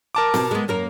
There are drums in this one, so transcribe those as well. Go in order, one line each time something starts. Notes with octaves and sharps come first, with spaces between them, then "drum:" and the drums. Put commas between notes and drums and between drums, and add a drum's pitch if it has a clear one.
A#4 A5 D6
B2, drum: snare C4
G#3 B3
F#2 A#3 A#4